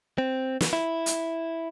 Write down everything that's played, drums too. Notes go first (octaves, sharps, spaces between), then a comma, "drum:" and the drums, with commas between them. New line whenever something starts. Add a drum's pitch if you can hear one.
C4
drum: snare
E4
drum: hi-hat